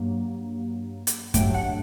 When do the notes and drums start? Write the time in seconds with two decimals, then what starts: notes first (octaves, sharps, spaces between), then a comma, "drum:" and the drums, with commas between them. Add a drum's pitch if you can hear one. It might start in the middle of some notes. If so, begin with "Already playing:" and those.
Already playing: G2 F#3 A#3
1.07 drum: hi-hat
1.34 G2 F#3 A3 G5, drum: kick, hi-hat
1.54 F#5